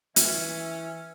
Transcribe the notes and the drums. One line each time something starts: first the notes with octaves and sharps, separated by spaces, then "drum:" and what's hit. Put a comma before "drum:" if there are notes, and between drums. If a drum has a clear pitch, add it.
E3 C#4 E5, drum: hi-hat